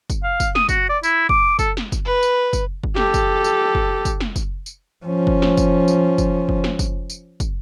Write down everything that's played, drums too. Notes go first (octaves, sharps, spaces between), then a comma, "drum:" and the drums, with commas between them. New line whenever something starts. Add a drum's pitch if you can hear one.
drum: kick, tambourine
F5
drum: kick, tambourine
D#6, drum: snare
F#4, drum: kick, tambourine
D5
E4, drum: tambourine
D6, drum: kick
A4, drum: kick, tambourine
drum: snare
drum: kick, tambourine
B4
drum: tambourine
drum: kick, tambourine
drum: kick
G4 A4, drum: snare
drum: kick, tambourine
drum: tambourine
drum: kick
drum: kick, tambourine
drum: snare
drum: kick, tambourine
drum: tambourine
F3 C#4
drum: kick
drum: snare
drum: kick, tambourine
drum: tambourine
drum: kick, tambourine
drum: kick
drum: snare
drum: kick, tambourine
drum: tambourine
drum: kick, tambourine